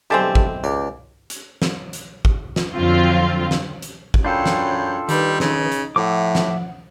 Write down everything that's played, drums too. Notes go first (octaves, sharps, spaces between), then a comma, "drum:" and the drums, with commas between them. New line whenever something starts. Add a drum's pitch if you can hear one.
B1 G2 D3 E3 G#3 C4 G4 A5
drum: kick G#1
C#2 G4 D5
drum: hi-hat
drum: snare
drum: hi-hat
drum: kick G#1
drum: snare
F2 D3 F#3 C4 F4
drum: snare
drum: hi-hat
drum: kick G#1
F#2 D4 F4 A4 C#5 G5 B5 G6
drum: snare
D#3 G3 D#4 B4, drum: hi-hat
C#3, drum: snare
drum: hi-hat
A2 F3 E5 F#5 D6
drum: snare